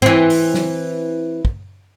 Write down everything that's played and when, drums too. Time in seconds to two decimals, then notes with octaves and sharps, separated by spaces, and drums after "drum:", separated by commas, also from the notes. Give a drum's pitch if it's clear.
0.02 E3 C4, drum: tom G#2
0.30 drum: open hi-hat
0.54 drum: snare
1.45 drum: kick